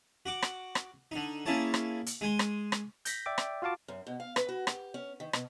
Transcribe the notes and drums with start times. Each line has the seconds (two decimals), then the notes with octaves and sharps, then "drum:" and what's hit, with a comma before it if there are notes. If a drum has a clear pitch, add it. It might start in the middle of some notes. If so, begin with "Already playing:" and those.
0.26 F#4 F#5 D6
0.42 drum: rim click
0.75 drum: rim click
1.12 D3 D#4
1.46 A#3 C#4 E4 G#4 C#5 A5
1.74 drum: rim click
2.06 drum: hi-hat
2.21 G#3 G#5 C6
2.39 drum: rim click
2.72 drum: rim click
3.05 G6 A#6 B6, drum: hi-hat
3.26 D5 E5 G5 D6
3.38 drum: rim click
3.62 F4 F#4 F5 A5 D6
3.88 F#2
4.07 B2
4.20 F5
4.36 B4, drum: rim click
4.49 F#4
4.67 G4, drum: rim click
4.94 C#4
5.20 D#3
5.33 B2, drum: rim click